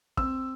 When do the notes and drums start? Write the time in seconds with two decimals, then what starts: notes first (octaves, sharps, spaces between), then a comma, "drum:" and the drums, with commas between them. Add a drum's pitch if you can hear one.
0.17 C4 E6, drum: kick